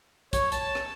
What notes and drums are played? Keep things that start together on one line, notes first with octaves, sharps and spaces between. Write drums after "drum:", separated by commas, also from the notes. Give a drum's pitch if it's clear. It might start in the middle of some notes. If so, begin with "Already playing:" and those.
C#5, drum: kick, hi-hat
A5, drum: hi-hat
drum: rim click